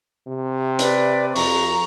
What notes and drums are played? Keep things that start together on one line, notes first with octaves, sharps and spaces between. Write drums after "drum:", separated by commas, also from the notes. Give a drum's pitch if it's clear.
C3
B4 D5, drum: hi-hat
F2 A#5 C#6, drum: open hi-hat